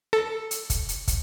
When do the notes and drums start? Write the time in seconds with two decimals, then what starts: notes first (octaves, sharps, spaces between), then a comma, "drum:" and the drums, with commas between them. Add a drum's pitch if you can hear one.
0.13 A4
0.51 drum: hi-hat
0.70 drum: kick, hi-hat
0.89 drum: hi-hat
1.08 drum: kick, hi-hat